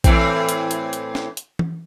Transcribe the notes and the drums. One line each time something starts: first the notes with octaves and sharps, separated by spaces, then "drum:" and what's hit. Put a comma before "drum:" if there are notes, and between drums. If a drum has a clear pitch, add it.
A2 E3 C4, drum: kick A#1, hi-hat
drum: hi-hat
drum: hi-hat
drum: hi-hat
drum: snare
drum: hi-hat
drum: tom E3